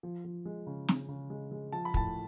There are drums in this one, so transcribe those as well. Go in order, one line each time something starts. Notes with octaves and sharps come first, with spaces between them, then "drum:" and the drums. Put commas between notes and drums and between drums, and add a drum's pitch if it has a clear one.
F3
F3
G#3
C#3
C#3, drum: snare
C#3
G#3
G#3
F3 A5
B5
A2 A5, drum: kick